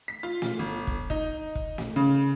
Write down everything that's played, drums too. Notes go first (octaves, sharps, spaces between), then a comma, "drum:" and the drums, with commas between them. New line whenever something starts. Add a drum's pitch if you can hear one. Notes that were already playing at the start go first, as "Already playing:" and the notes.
B6
F4
drum: snare
G1
drum: kick
D#4, drum: kick
drum: kick
drum: snare
C#3